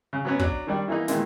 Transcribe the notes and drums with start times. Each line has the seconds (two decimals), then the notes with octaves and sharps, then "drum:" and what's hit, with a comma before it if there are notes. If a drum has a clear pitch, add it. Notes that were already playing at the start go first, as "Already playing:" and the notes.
0.13 C#3
0.25 F#3 B3 C#4
0.39 F#3 D4, drum: kick
0.67 D#3 G3 D4
0.88 E3 A#3 D#4
1.08 A#2 D#3 E3 G#3, drum: snare